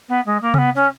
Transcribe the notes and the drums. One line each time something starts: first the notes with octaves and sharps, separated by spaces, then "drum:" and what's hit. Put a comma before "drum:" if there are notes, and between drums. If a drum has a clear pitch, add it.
B3
G#3
A#3
C#4, drum: tom C3
B3
C#4